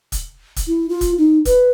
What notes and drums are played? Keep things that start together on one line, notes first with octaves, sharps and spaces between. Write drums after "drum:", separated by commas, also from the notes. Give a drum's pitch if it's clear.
drum: kick, hi-hat
drum: kick, hi-hat
E4
F4
drum: kick, hi-hat
D#4
B4, drum: kick, hi-hat